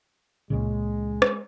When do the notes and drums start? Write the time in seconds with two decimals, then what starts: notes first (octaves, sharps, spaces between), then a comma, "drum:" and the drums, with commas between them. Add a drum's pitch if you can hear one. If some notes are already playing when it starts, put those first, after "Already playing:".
0.50 C#2 A#2 C#3 G#3
1.22 drum: rim click